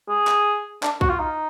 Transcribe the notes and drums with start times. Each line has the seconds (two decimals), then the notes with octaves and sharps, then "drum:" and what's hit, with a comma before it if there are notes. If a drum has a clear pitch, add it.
0.09 G#4
0.27 drum: clap
0.83 D4, drum: clap
1.01 F#4, drum: kick B1
1.10 F4
1.20 D#4